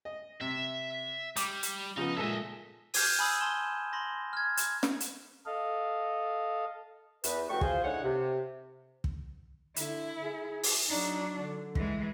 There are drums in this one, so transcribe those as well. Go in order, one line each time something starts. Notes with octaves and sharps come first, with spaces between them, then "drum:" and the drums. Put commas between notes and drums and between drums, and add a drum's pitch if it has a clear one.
D#5
C3 E5
G3 D6, drum: hi-hat
drum: hi-hat
C#3 F3 B3 D#4
A#2 G#3 A4 D#5 E5
F6 G6 G#6 D#7, drum: open hi-hat
G#5 B5 D#6 E6 F#7
A5 C6 E7 G7
B5 C6 A#6
F6 G#6
drum: hi-hat
drum: snare
drum: hi-hat
A4 D#5 F5
E2 B4, drum: hi-hat
C#2 F#3 A3 G5 C#6
F4 G#4 C5, drum: kick
A2 D3 D#4 C#5 F#5
C3
drum: kick
D3 E4, drum: hi-hat
G#4
drum: open hi-hat
F#3 D4 D#4
D3
E3 G#3, drum: kick